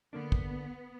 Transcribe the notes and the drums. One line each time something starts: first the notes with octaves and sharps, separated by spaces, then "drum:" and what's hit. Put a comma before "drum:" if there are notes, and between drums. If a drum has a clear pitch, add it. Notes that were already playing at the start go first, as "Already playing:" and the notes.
D3 A#3 B3 D4
drum: kick